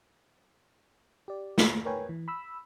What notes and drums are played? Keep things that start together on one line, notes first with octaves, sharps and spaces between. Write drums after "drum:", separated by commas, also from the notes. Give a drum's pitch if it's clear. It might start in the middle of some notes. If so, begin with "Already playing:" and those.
G4 D5
drum: snare
A#4 B4 C#5 G5 G#5
E3
B5 E6